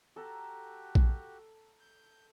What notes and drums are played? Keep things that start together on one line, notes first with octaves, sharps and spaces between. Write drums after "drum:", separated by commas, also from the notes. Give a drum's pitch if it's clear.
F#4 G4 A4 A#5
drum: kick A#1
G6